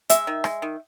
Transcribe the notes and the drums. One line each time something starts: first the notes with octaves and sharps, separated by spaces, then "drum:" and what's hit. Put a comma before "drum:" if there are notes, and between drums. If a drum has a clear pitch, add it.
G#3 E5, drum: hi-hat
D#3
G#3, drum: rim click
D#3